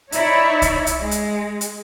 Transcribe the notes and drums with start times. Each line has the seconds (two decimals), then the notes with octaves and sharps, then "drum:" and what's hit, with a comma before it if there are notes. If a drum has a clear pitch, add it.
0.12 D#4 E4 C#5 D5 E5, drum: hi-hat
0.62 drum: kick C2, hi-hat
0.87 drum: hi-hat
0.99 G#3
1.11 drum: hi-hat
1.61 drum: hi-hat